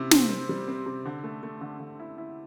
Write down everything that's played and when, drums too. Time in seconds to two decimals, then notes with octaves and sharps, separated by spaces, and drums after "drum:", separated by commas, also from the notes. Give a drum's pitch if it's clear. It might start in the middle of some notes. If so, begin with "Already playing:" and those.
Already playing: C3 E4
0.11 C4, drum: snare
0.29 C4
0.49 G3
0.68 C4
0.86 C3
1.06 D3
1.24 A3
1.43 A3
1.61 D3
1.80 D3
1.99 E4
2.18 E4